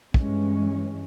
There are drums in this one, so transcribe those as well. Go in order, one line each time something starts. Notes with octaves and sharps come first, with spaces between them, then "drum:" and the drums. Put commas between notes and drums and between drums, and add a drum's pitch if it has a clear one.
G2 E3 G#3 C#4, drum: kick